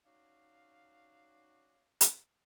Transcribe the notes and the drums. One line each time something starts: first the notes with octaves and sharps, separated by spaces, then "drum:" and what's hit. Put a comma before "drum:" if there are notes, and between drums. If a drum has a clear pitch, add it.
C#4 D#4 F#4 D5 F5
drum: hi-hat